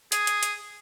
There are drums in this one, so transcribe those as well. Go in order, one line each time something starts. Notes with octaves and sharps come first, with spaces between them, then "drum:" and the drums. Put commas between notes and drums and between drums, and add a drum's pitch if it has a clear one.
G#4, drum: hi-hat
drum: hi-hat
drum: hi-hat